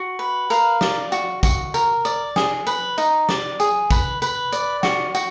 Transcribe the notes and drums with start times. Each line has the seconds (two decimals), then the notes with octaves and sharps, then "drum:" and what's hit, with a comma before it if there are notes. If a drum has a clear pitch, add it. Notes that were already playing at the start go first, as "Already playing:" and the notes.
Already playing: F#4
0.19 B4
0.50 A#4 F5, drum: tambourine
0.81 D5, drum: snare
1.12 F#4, drum: tambourine
1.43 F#4, drum: kick A1, tambourine
1.74 A#4, drum: tambourine
2.05 D5, drum: tambourine
2.36 G#4, drum: snare
2.67 B4, drum: tambourine
2.98 D#4, drum: tambourine
3.29 D5, drum: snare
3.60 G#4, drum: tambourine
3.91 B4, drum: kick A1, tambourine
4.22 B4, drum: tambourine
4.52 D5, drum: tambourine
4.83 F#4, drum: snare
5.15 F#4, drum: tambourine